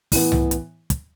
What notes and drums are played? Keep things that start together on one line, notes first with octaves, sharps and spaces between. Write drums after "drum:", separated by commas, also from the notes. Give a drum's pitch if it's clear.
A2 E3 B3, drum: kick, open hi-hat
drum: tom C2
drum: hi-hat
drum: kick, hi-hat